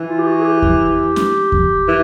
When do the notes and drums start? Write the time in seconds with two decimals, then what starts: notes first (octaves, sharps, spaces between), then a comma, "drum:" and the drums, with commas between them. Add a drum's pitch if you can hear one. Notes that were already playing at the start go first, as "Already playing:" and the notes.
Already playing: E3
0.08 F4
0.19 G4
0.27 F#4
0.40 G#4
0.44 G4
0.62 drum: kick E2
1.16 drum: snare
1.52 drum: kick E2
1.88 E3